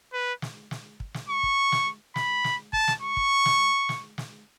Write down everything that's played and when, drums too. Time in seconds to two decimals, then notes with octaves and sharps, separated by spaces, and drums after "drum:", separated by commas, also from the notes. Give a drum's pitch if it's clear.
0.13 B4
0.42 drum: snare
0.71 drum: snare
1.00 drum: kick
1.14 drum: snare
1.29 C#6
1.43 drum: kick
1.72 drum: snare
2.16 B5, drum: snare
2.44 drum: snare
2.73 A5, drum: kick
2.88 drum: snare
3.02 C#6
3.17 drum: kick
3.46 drum: snare
3.89 drum: snare
4.18 drum: snare